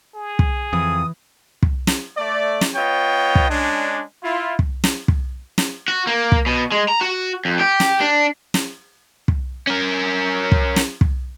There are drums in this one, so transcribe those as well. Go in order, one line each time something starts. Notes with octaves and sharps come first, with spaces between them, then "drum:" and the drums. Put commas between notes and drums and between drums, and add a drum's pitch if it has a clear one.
G#4
drum: kick
F2 E3 D#6
drum: kick
drum: snare
A3 D5
drum: snare
B3 F4 C#5 D#5 G5
drum: kick
G#3 C#4 D4
E4 F4
drum: kick
drum: snare
drum: kick
drum: snare
F#4
A#3
drum: kick
B2
G#3
A#5
F#4
F2
G4
drum: snare
D4
drum: snare
drum: kick
C#4 A#4
drum: kick
drum: snare
drum: kick